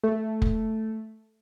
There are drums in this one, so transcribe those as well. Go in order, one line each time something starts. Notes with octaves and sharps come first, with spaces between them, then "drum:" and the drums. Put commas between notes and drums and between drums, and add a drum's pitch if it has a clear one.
A3
drum: kick